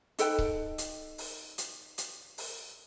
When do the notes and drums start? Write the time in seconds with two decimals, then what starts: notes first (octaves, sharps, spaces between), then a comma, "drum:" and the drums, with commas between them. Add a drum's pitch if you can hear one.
0.19 D#4 A4 B4 G5, drum: hi-hat
0.39 drum: kick C#1
0.78 drum: hi-hat
1.18 drum: open hi-hat
1.58 drum: hi-hat
1.98 drum: hi-hat
2.38 drum: open hi-hat